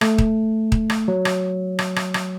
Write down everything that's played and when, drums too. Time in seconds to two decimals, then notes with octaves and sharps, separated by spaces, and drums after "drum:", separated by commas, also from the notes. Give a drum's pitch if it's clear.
0.01 A3, drum: rim click
0.18 drum: kick D#1
0.72 drum: kick D#1
0.90 drum: rim click
1.08 F#3
1.25 drum: rim click
1.79 drum: rim click
1.96 drum: rim click
2.14 drum: rim click